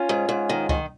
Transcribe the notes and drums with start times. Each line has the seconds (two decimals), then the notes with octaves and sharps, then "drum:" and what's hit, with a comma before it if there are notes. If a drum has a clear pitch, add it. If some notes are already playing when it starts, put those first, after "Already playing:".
Already playing: C#4 F4
0.09 G#2
0.29 G#2
0.49 D#3
0.69 D#3, drum: kick C#2